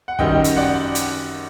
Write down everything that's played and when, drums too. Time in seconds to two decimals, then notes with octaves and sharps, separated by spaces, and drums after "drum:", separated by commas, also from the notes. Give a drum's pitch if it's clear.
0.08 F#5
0.19 F#2 D#3 G3 D#5 G5, drum: kick
0.44 drum: hi-hat
0.56 D5 F#5
0.95 drum: hi-hat